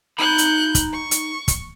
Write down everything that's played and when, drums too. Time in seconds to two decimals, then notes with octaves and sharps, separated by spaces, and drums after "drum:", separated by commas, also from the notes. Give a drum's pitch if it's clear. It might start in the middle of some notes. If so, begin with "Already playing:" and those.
0.18 D#4 B5 F#6 G6
0.38 drum: hi-hat
0.75 drum: kick, hi-hat
0.93 C#6
1.11 drum: hi-hat
1.48 drum: kick, hi-hat